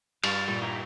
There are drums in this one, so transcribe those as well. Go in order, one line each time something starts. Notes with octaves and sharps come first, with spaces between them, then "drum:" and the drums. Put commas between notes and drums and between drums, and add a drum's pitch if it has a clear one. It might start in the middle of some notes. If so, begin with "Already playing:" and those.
G2 F5 A6, drum: cymbal
A#2 G3
D#4 E4 G4 A#5